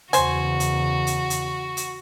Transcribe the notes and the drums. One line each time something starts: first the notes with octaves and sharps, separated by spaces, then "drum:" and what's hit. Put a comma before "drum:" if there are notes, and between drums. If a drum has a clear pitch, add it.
E2 C#3 F#4 C5 G#5, drum: hi-hat
drum: hi-hat
drum: hi-hat
drum: hi-hat
drum: hi-hat